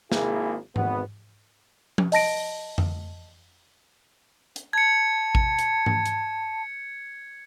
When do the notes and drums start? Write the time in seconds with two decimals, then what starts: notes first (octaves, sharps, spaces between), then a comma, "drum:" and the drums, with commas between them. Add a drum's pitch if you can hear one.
0.12 G#1 A#3 E4 G#4, drum: snare
0.76 G#1 B3, drum: tom G#2
1.98 drum: tom F3
2.12 D#5 A5 A#6 D7, drum: open hi-hat
2.78 drum: tom F2
4.56 drum: hi-hat
4.73 A5 G#6 C#7
5.35 drum: kick A1
5.59 drum: hi-hat
5.86 drum: tom G#2
6.06 drum: hi-hat